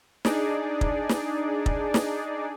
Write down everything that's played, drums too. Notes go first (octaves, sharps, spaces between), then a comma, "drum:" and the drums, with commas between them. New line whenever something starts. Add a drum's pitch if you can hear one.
D4 D#4 G#4 D5, drum: snare
drum: kick
drum: snare
drum: kick
drum: snare